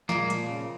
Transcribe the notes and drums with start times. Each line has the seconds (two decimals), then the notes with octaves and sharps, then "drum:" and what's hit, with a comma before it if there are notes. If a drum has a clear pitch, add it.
0.09 A#2 G#3 A#3, drum: snare
0.30 F3, drum: hi-hat
0.49 C#3